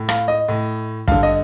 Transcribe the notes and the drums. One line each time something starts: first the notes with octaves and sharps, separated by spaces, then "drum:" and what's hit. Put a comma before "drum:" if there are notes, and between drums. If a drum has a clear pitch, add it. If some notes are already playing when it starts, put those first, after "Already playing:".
Already playing: A2
F5, drum: rim click
D#5
A2
G2 D3 F5, drum: kick
D#5